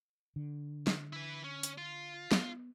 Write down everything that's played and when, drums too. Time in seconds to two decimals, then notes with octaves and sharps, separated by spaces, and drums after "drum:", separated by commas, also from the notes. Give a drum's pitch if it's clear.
0.36 D3
0.87 drum: snare
1.13 E4 B4
1.44 C#4
1.63 drum: hi-hat
1.78 F4
2.32 B3, drum: snare